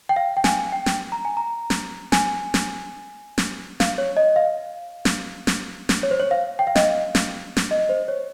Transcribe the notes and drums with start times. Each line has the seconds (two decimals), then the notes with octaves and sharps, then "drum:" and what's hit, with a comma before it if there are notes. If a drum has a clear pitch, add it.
0.09 G5
0.16 F5
0.37 G5
0.44 G#5, drum: snare
0.72 G5
0.86 drum: snare
1.12 A#5
1.25 G#5
1.37 A#5
1.70 drum: snare
2.12 G#5, drum: snare
2.54 drum: snare
3.38 drum: snare
3.80 F5, drum: snare
3.98 C#5
4.17 D#5
4.36 F5
5.05 drum: snare
5.47 drum: snare
5.89 drum: snare
6.03 C#5
6.11 C5
6.20 C#5
6.31 F5
6.59 G5
6.67 F5
6.75 D#5, drum: snare
6.83 F5
7.15 drum: snare
7.57 drum: snare
7.71 D#5
7.89 C5
8.08 C#5